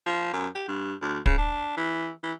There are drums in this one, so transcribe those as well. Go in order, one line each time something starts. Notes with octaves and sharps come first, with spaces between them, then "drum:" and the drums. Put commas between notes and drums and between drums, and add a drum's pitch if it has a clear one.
F3
F#2
G4
G2
D2
C#3, drum: kick
D4
E3
E3